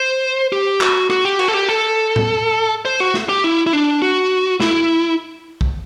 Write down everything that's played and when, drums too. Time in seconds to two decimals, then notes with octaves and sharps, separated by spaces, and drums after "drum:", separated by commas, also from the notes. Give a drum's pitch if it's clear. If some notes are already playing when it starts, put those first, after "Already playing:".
Already playing: C5
0.53 G4
0.81 F#4, drum: clap
1.10 F#4, drum: rim click
1.25 G4
1.39 F#4, drum: cymbal
1.48 A4
1.54 G4
1.69 A4
2.16 drum: tom A2
2.85 C5
3.00 F#4
3.14 drum: snare
3.29 G4
3.44 E4
3.67 E4
3.73 D4
4.02 F#4
4.60 E4, drum: snare
5.61 drum: kick